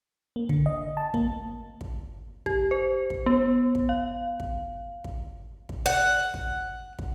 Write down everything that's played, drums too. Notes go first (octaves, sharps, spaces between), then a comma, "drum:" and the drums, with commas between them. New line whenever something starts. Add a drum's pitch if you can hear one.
A#3
D3, drum: kick
D#5
A5
A#3, drum: kick
drum: kick
G4, drum: kick
C5
drum: kick
B3
drum: kick
F5
drum: kick
drum: kick
drum: kick
F#5
drum: kick
drum: kick